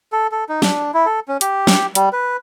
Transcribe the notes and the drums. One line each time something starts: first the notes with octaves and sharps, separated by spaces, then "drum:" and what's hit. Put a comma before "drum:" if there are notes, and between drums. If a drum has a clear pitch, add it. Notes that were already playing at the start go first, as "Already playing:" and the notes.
A4
A4
D#4
D4, drum: snare
E4
A4
C#4
G4, drum: hi-hat
drum: snare
G3, drum: hi-hat
B4